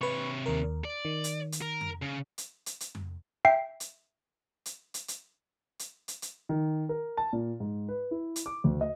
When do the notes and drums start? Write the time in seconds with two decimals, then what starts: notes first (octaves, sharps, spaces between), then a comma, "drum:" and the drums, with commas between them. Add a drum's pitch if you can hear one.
0.01 C3 B4 C#5 C#6
0.46 D#2 A#4
0.85 D5
1.05 D#3
1.24 drum: hi-hat
1.52 drum: hi-hat
1.62 A#4
1.81 drum: tom F2
2.02 C#3
2.38 drum: hi-hat
2.66 drum: hi-hat
2.80 drum: hi-hat
2.95 drum: tom F2
3.45 E5 G5 C7
3.80 drum: hi-hat
4.66 drum: hi-hat
4.94 drum: hi-hat
5.08 drum: hi-hat
5.79 drum: hi-hat
6.08 drum: hi-hat
6.22 drum: hi-hat
6.49 D#3
6.89 A#4
7.17 A5
7.33 A#2
7.60 G#2
7.89 B4
8.11 E4
8.36 drum: hi-hat
8.46 D6
8.64 D2
8.81 D#5